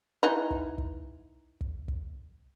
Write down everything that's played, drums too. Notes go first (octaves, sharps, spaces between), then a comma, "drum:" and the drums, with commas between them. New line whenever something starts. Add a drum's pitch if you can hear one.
E3 D#4
drum: kick
drum: kick
drum: kick
drum: kick